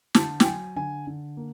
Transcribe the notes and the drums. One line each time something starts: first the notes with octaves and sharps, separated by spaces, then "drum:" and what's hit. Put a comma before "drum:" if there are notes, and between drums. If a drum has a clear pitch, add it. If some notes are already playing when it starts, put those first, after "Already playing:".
D3 A5, drum: snare
G5, drum: snare
F#3 G#5
D3 G#5
D3
A#3